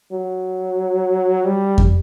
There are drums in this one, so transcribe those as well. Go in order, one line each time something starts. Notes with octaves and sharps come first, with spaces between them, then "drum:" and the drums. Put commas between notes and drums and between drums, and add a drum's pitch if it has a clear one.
F#3
G3
drum: kick F2